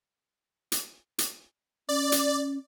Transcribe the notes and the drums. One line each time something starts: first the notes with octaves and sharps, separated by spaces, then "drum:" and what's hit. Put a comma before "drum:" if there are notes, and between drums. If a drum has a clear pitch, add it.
drum: hi-hat
drum: hi-hat
C#4 D5
drum: hi-hat